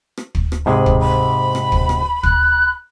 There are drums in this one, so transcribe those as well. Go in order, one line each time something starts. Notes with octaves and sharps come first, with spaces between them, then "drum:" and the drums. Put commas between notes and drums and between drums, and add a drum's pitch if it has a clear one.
drum: rim click
drum: kick
drum: rim click
G#2 C3 G#4 B5
drum: kick
B5
drum: rim click
drum: kick
drum: rim click
F#6, drum: kick